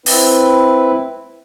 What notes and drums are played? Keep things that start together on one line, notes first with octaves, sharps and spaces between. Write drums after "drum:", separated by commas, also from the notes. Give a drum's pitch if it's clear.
C4 E4 B4, drum: open hi-hat